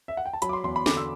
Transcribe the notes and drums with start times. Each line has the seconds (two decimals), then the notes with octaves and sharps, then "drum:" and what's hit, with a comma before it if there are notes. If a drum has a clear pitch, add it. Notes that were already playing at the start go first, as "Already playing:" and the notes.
0.08 E5
0.17 F#5
0.26 G5
0.33 A5
0.42 F#3 B5, drum: hi-hat
0.49 D6
0.53 C6
0.64 E2 C6
0.76 B5
0.86 D3 D6, drum: snare
0.97 E6